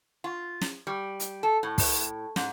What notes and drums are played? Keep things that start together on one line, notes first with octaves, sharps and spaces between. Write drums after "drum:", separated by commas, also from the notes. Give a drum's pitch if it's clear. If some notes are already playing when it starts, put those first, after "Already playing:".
F4
drum: snare
G3
drum: hi-hat
A4
A2
drum: kick, open hi-hat
G#2, drum: snare